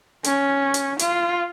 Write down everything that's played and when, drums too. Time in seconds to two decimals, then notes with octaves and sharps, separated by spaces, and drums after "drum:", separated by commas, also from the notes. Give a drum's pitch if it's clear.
0.24 C#4, drum: hi-hat
0.74 drum: hi-hat
0.99 F4, drum: hi-hat